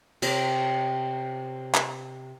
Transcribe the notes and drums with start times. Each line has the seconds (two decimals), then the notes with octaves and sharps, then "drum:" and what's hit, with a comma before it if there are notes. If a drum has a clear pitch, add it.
0.22 C3 D6, drum: cymbal
1.74 drum: clap